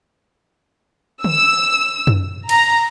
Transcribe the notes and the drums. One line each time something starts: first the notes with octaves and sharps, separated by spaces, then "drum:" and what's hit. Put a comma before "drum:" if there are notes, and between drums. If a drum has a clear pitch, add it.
E6, drum: tom D3
drum: tom F#2
A#5, drum: cymbal